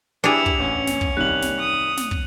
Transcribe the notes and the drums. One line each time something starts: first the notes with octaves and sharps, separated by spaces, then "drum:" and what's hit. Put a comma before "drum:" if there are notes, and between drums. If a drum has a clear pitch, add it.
D4 E4 G4 G#4 C#7 F7
drum: kick
A1 C#4
drum: snare
drum: kick
C2 D#3 G3 F#6 F#7
drum: snare
D#6
drum: snare
drum: kick